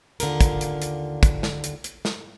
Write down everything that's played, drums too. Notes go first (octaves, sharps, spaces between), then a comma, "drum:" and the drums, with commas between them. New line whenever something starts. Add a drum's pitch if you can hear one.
D#2 D3 F4 A#4, drum: hi-hat
drum: kick, hi-hat
drum: hi-hat
drum: hi-hat
drum: kick, hi-hat
drum: snare
drum: hi-hat
drum: hi-hat
drum: snare